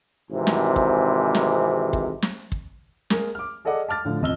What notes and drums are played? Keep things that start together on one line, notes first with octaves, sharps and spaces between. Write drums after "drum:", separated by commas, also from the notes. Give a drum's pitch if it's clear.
G#1 G#2 C3 E3
drum: snare
drum: kick
drum: snare
drum: kick
drum: snare
drum: kick
G#3 A#3 G#4 A#4, drum: snare
D6 F6
G#4 A4 D5 D#5 F#5 D6
A5 D6 F6 A6
A2 D3 F3
D#1 F2 D#5 E6 F6 G7